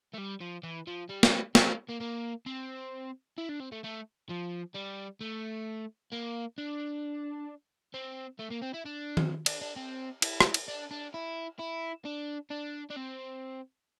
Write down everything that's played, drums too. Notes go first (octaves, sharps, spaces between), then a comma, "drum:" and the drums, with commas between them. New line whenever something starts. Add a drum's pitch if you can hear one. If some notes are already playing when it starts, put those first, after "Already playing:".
A3
G3
F3
E3
F3
G3
drum: snare
A3, drum: snare
A#3
A#3
A#3
C4
E4
D4
C4
A3
A3
F3
G3
A3
A#3
D4
C4
A3
A#3
C4
E4
D4
drum: tom D#3
D4, drum: cymbal
D4
C4
E4, drum: cymbal
drum: rim click
drum: cymbal
D4
D4
E4
E4
D4
D4
D4
C4